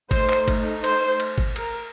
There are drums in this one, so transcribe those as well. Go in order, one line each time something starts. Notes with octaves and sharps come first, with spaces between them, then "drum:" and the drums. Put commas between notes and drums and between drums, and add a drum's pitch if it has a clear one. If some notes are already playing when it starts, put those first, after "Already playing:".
A3 D#4 C5, drum: kick G#1, cymbal
drum: clap
drum: kick G#1, cymbal
C5, drum: cymbal
drum: cymbal
drum: kick G#1
A#4, drum: cymbal